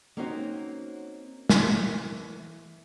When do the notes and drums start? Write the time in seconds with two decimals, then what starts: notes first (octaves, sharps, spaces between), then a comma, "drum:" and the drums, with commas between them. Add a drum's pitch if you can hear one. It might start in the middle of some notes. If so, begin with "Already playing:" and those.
0.17 A#3 C4 C#4 D#4 F#4 C5
1.50 E3 A#4, drum: snare